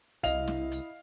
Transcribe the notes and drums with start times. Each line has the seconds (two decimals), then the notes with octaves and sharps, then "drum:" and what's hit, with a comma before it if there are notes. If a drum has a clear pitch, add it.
0.23 C2 E4 D#5 F5 F7, drum: kick, hi-hat
0.47 drum: snare
0.72 drum: hi-hat